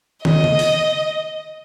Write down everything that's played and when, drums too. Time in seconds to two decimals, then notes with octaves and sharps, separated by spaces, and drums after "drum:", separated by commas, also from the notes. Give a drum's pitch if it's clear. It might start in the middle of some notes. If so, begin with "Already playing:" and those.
0.25 D#5, drum: tom
0.44 drum: tom C#3
0.59 drum: open hi-hat